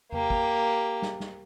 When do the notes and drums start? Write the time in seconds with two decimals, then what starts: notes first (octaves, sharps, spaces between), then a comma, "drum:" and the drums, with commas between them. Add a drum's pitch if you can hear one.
0.12 A#3 G4, drum: tom E2
0.30 drum: kick
1.02 drum: snare
1.20 drum: snare